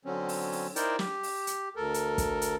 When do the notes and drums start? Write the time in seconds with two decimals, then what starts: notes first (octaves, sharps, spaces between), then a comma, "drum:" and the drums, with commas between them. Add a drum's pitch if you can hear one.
0.05 D3 F#3 C4 C#4
0.29 drum: open hi-hat
0.52 drum: open hi-hat
0.76 D#4 E4 A#4 C5 D5 G5, drum: hi-hat
0.99 G4, drum: snare
1.23 drum: open hi-hat
1.47 drum: hi-hat
1.76 D2 A4 A#4
1.94 drum: hi-hat
2.18 drum: kick, hi-hat
2.42 drum: hi-hat